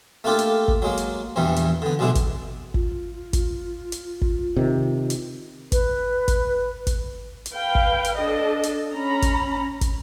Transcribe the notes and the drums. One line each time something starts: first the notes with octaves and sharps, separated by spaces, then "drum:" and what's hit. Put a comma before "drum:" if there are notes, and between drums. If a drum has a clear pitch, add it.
A3 A#3 D4 F4 G4 A4
drum: hi-hat
drum: kick
F#3 G#3 A#3
drum: hi-hat
A#1 E2 G2 E3 G3
drum: hi-hat
D3 B3
B1 B2 G#3 D4 E4
drum: kick, hi-hat
F4, drum: kick
drum: kick, hi-hat
drum: hi-hat
drum: kick
C3 D#3
drum: hi-hat
B4, drum: kick, hi-hat
drum: kick, hi-hat
drum: kick, hi-hat
drum: hi-hat
B4 F5 G5
drum: kick
drum: hi-hat
D4 A4 D#5
drum: hi-hat
C#4 A#5 B5
drum: kick, hi-hat
drum: kick, hi-hat